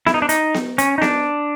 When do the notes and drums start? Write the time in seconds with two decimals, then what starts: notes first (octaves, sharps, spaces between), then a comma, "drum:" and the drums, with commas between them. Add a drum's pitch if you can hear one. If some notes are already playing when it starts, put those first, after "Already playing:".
0.07 E4, drum: snare B3
0.14 D#4
0.22 D4
0.29 D#4, drum: hi-hat
0.54 drum: snare B3
0.78 C#4, drum: hi-hat
0.98 D#4
1.02 D4, drum: snare B3